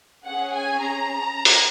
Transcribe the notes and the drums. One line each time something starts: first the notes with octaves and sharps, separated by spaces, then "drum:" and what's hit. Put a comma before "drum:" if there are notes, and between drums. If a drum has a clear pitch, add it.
C#4 G#4 F#5
G#5
A#5
drum: open hi-hat